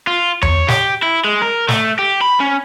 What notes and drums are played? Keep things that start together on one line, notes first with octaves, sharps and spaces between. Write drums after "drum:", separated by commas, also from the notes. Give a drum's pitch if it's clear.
F4
C#5, drum: tom E2
G4, drum: snare
E4
G#3
A#4
A3, drum: snare
G4
B5
C#4